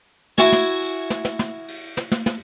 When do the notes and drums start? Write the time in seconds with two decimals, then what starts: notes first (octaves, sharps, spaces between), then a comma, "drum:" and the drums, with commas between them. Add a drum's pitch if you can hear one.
0.38 E4 F#4 G#5, drum: snare
0.52 drum: snare
0.81 drum: cymbal
1.10 drum: snare
1.25 drum: snare
1.39 drum: snare
1.68 drum: cymbal
1.97 drum: snare
2.12 drum: snare
2.26 drum: snare